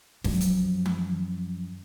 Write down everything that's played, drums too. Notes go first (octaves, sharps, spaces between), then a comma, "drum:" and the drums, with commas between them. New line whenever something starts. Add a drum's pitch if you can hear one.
F#2 F3, drum: snare
drum: hi-hat
drum: tom E3